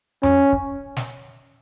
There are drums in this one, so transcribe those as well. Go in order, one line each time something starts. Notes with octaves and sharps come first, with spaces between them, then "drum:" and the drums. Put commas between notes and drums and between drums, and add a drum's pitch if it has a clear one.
C#4, drum: tom F2
drum: kick
drum: snare